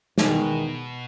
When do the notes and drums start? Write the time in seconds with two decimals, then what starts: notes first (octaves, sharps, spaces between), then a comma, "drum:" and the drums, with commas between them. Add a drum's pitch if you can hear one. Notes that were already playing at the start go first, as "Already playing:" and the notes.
0.18 E2 B2 D#3 G#3, drum: snare